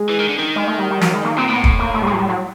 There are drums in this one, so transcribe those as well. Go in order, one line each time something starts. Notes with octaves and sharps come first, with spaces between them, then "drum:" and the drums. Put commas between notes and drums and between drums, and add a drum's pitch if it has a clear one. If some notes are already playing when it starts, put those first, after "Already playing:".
Already playing: G#3
E3
D#3
D3
D#3
G#3
A3
G3
G3
F#3, drum: snare
G#3
A#3
A#2 C4
A2 B3
drum: kick
A#3
A3
G3
G#3
F#3
G3
F#3